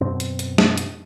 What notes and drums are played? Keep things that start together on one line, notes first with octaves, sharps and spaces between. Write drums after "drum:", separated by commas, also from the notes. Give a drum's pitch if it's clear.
F#2 B2 C4
drum: hi-hat
drum: hi-hat
drum: snare
drum: hi-hat